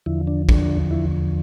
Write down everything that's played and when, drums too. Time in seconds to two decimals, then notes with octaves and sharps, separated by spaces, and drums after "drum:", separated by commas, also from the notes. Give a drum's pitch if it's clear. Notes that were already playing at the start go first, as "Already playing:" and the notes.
0.06 E2 D3 F3 E4
0.27 D4
0.49 D4, drum: kick
0.91 E4